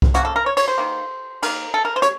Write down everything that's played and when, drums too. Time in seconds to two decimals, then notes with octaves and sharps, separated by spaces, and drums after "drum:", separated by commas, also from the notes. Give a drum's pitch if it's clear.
0.02 drum: kick C2
0.14 C#3 F3 A#3 F#4, drum: hi-hat
0.25 A4
0.36 A#4
0.46 C#5
0.57 C#5, drum: cymbal
0.68 C5
0.78 D#3 A#3
1.42 D#3 A#3 A#4, drum: cymbal
1.74 A4
1.85 A#4
1.96 C5
2.02 C#5, drum: hi-hat